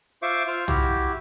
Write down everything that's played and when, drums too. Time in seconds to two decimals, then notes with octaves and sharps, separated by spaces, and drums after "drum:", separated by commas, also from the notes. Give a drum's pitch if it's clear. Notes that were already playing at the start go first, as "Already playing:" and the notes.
0.22 F4 C5 E5 F5 C#6 D6
0.48 F4 C5 F6
0.68 E4 F#4 G4, drum: tom